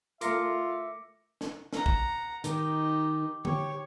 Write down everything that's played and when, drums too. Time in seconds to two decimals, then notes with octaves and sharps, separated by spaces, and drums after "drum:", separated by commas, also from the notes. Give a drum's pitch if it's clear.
0.21 A3 F4 A#4 E5 D6 A#6 C#7, drum: hi-hat
1.41 drum: snare
1.73 F#5 A#5, drum: snare
1.86 drum: kick
2.44 D#3 D#4 G4, drum: hi-hat
3.45 G4 C#5, drum: tom D3